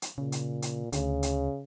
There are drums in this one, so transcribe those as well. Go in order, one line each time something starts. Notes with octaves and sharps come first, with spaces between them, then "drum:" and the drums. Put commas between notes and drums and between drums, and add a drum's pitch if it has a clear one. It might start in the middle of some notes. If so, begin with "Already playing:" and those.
drum: hi-hat
A#2 C#3
drum: hi-hat
drum: hi-hat
D2 C#3, drum: hi-hat
drum: hi-hat